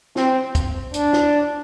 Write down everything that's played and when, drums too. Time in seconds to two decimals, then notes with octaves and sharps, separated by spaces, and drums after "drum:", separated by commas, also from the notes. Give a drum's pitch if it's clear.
0.16 C4, drum: snare
0.55 drum: kick, hi-hat
0.94 D4, drum: hi-hat
1.13 drum: snare